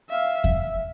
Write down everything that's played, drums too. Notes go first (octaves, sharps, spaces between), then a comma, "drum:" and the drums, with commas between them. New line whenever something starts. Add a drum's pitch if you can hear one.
E5 F5
E5, drum: kick E2